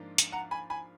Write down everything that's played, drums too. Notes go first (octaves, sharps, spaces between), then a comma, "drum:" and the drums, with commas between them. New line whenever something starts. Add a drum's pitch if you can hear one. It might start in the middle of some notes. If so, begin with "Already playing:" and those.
Already playing: G#2 F3 A#3 D4 F4
drum: hi-hat
F#5 A#5
G#5 B5
G#5 B5